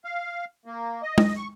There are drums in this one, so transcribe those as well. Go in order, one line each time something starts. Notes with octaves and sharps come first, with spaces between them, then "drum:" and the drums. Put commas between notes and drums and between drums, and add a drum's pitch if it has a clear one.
F5
A#3
D#5
drum: tom
C#6